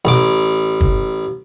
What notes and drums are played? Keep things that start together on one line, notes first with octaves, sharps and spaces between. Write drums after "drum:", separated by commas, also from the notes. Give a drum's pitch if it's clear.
A1 D6
drum: kick